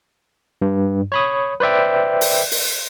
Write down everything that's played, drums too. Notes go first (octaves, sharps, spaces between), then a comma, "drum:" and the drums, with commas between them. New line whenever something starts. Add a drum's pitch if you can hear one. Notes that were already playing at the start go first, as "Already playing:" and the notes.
G2
C#5 B5 D#6
B4 C5 D5 E5 G5
drum: open hi-hat
drum: open hi-hat